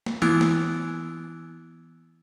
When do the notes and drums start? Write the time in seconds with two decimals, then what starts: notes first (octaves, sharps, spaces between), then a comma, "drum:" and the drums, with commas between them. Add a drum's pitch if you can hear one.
0.06 drum: snare
0.22 E3 B3 E4 E6 F#6, drum: snare
0.41 drum: snare